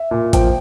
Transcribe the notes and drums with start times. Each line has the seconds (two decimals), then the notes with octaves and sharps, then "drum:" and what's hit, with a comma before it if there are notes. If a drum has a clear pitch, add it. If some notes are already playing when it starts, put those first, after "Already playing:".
Already playing: E5
0.11 A#2
0.33 F3 G5, drum: kick G#1, hi-hat